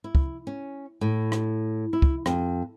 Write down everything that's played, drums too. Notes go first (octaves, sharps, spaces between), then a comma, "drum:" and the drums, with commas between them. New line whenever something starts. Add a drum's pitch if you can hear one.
E4
drum: kick
C#4
A2
drum: rim click
E4
drum: kick
F2, drum: rim click